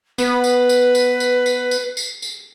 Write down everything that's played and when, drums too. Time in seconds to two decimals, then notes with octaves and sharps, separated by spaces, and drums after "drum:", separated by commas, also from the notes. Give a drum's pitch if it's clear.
0.18 B3 B4, drum: tambourine
0.44 drum: tambourine
0.69 drum: tambourine
0.95 drum: tambourine
1.20 drum: tambourine
1.46 drum: tambourine
1.71 drum: tambourine
1.97 drum: tambourine
2.22 drum: tambourine